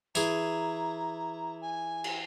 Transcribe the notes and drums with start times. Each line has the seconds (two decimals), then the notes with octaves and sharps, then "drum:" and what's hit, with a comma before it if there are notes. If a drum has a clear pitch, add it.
0.15 E3 G#4 A#5, drum: tambourine
1.61 G#5
2.04 drum: cymbal